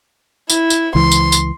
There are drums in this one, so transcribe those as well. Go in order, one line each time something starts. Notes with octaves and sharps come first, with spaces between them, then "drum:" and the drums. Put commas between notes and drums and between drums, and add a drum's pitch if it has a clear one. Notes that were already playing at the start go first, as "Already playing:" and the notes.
E4, drum: tambourine
drum: tambourine
C#2 E3 C6
drum: tambourine
drum: tambourine